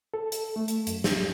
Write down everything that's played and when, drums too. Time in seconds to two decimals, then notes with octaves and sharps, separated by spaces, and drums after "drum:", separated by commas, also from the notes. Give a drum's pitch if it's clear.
0.14 A4
0.32 drum: hi-hat
0.56 A3
0.68 drum: hi-hat
0.87 F#2, drum: hi-hat
1.04 G4, drum: snare